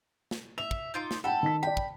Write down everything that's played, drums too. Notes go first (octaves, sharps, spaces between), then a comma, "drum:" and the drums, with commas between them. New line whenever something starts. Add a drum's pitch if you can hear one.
drum: snare
E5 F7
drum: kick
D#4 F4 D6
drum: snare
A4 F#5 G5 B5
D#3 B6
D5 G5 B5
drum: kick